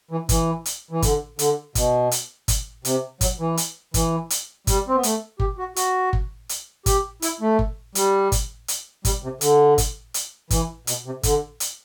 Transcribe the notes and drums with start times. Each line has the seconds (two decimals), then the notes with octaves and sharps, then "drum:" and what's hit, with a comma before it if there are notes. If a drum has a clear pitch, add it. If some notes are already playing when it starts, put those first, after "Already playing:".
0.11 E3
0.29 E3, drum: kick G1, hi-hat
0.66 drum: hi-hat
0.91 E3
1.02 D3, drum: kick G1, hi-hat
1.39 D3, drum: hi-hat
1.75 B2, drum: kick G1, hi-hat
2.11 drum: hi-hat
2.48 drum: kick G1, hi-hat
2.85 C3, drum: hi-hat
3.21 F#3, drum: kick G1, hi-hat
3.39 E3
3.57 drum: hi-hat
3.94 E3, drum: kick G1, hi-hat
4.30 drum: hi-hat
4.67 G3, drum: kick G1, hi-hat
4.88 C4
4.95 B3
5.03 A3, drum: hi-hat
5.40 G4, drum: kick G1
5.58 F#4
5.76 F#4, drum: hi-hat
6.13 drum: kick G1
6.49 drum: hi-hat
6.86 G4, drum: kick G1, hi-hat
7.22 E4, drum: hi-hat
7.41 A3
7.59 drum: kick G1
7.95 G3, drum: hi-hat
8.32 drum: kick G1, hi-hat
8.68 drum: hi-hat
9.05 G3, drum: kick G1, hi-hat
9.23 C3
9.41 D3, drum: hi-hat
9.78 drum: kick G1, hi-hat
10.14 drum: hi-hat
10.50 E3, drum: kick G1, hi-hat
10.87 B2, drum: hi-hat
11.05 C3
11.23 D3, drum: kick G1, hi-hat
11.60 drum: hi-hat